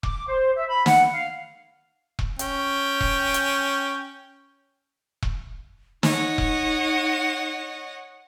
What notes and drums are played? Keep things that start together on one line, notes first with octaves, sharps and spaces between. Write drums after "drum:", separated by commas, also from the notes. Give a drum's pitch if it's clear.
D6, drum: kick E1
C5
E5
B5
F#5, drum: snare
F5
drum: kick E1
C#4 G5, drum: hi-hat
drum: kick E1
drum: hi-hat
drum: kick E1
D#4 C#5 D#5 F#5, drum: snare
drum: kick E1